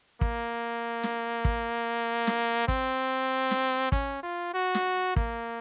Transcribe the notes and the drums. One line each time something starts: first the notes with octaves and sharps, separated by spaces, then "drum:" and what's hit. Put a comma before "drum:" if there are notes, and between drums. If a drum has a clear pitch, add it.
A#3, drum: kick
drum: snare
drum: kick
drum: snare
C4, drum: kick
drum: snare
C#4, drum: kick
F4
F#4
drum: snare
A#3, drum: kick